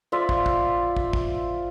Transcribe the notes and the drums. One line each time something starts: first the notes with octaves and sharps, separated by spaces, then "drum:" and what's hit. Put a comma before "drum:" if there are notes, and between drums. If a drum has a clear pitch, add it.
F4 C5 D5 E5
drum: kick
drum: kick
drum: kick
drum: kick